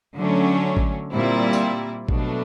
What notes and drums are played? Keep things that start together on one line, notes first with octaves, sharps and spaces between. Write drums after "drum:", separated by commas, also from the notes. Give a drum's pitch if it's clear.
D3 F#3 A3 C#4
drum: kick
A#2 G3 C4 E4
drum: tambourine
B2 F#3 A3 D4, drum: kick